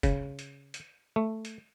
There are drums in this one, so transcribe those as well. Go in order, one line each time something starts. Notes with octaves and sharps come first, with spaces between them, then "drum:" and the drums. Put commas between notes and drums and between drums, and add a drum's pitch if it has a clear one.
C#3, drum: kick, hi-hat
drum: hi-hat
drum: hi-hat
A3
drum: hi-hat